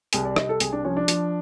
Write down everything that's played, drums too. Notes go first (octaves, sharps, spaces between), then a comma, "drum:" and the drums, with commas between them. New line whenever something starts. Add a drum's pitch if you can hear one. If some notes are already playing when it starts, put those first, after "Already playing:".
C2 G#4, drum: hi-hat
D5
C2 D#5, drum: rim click
A4
C2 G#4, drum: hi-hat
D4
F3 C#4
D4
F3, drum: hi-hat